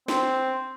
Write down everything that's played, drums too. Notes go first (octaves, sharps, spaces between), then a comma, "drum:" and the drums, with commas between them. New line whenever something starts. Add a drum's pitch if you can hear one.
C4, drum: snare